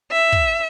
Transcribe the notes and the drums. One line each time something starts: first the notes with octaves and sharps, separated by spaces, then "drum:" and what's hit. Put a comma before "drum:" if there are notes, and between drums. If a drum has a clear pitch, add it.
E5
drum: kick